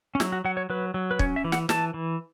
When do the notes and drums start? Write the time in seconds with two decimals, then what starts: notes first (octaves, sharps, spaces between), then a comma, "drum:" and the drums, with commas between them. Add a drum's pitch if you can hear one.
0.15 C#4
0.20 F#3 E4, drum: snare
0.32 F#4
0.45 F#3 F#5
0.57 C#5
0.70 F#3 B4
0.94 F#3
1.11 B4
1.19 C#4 C#5, drum: kick
1.36 E5
1.45 E3
1.52 F#5, drum: snare
1.69 E3 A5, drum: snare
1.94 E3